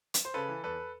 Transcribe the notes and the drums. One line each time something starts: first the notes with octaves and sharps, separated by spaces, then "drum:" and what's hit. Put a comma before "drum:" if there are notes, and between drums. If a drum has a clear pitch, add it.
drum: hi-hat
C5
C#3 A4 B4
E3
E2 A4 B4